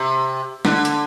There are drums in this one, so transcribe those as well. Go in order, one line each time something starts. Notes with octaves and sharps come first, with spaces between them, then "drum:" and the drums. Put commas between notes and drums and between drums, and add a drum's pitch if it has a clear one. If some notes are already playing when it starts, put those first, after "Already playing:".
Already playing: C3
D3, drum: snare
drum: hi-hat